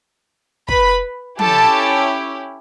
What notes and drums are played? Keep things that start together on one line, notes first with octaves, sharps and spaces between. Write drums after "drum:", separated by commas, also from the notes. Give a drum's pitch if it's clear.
B4 B5, drum: kick
C#4 E4 G4 A4 A5, drum: tom F3